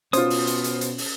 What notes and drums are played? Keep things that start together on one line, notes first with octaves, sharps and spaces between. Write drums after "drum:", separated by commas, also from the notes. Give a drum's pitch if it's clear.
B2 C#4 F4 C5 D#6, drum: hi-hat
drum: open hi-hat
drum: hi-hat
drum: hi-hat
drum: hi-hat
drum: open hi-hat